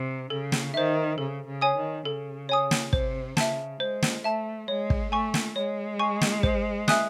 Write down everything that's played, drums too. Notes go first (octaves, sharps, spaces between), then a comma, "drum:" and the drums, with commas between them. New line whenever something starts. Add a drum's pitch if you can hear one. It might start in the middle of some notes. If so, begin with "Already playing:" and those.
Already playing: C3
C#3 A4
drum: snare
D#3 C5 E5
C#3 A4
C#3
C#5 G#5 D#6
D#3
C#3 A4
C#5 G#5 D#6
drum: snare
C3 C5, drum: kick
C#3 E5 A5, drum: snare
G#3 C5
drum: snare
A3 E5 A5
G#3 C#5
drum: kick
A3 G#5 C#6
drum: snare
G#3 C#5
G#5 C#6
drum: snare
C5, drum: kick
E5 G#5 D#6 F#6, drum: snare